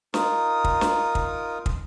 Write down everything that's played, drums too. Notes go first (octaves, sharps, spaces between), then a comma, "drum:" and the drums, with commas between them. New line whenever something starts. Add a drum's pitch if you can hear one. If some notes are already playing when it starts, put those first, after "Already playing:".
D#4 F4 A#4 D#6, drum: snare
drum: kick
drum: snare
drum: kick
drum: kick